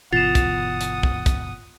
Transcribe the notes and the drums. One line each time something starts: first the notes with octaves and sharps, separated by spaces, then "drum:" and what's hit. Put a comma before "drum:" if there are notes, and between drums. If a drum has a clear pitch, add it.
G1 B2 E3 F4 F#5 D#6 A6 E7
drum: kick, hi-hat
drum: hi-hat
drum: kick
drum: kick, hi-hat